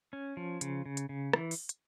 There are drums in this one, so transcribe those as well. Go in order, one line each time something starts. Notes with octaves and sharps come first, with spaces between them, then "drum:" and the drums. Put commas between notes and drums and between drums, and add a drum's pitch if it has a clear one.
C#4
F3
C#3, drum: hi-hat
C#3
drum: hi-hat
C#3
E3, drum: rim click
drum: open hi-hat
drum: hi-hat